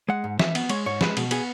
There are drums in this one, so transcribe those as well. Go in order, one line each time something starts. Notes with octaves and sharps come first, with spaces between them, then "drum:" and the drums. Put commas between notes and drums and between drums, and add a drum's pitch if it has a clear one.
G#3 F#5
G#2
E3 E5, drum: snare
B3, drum: cymbal
G#3 C#5, drum: cymbal
G#2 C#5
G#3 B4, drum: snare
B2, drum: cymbal
B3 G#4, drum: cymbal